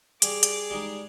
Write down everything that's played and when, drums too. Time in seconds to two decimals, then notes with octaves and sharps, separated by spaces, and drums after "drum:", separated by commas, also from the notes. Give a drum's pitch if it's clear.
0.22 G3 G#4 D6, drum: hi-hat
0.43 drum: hi-hat
0.70 G3 G#3 D#4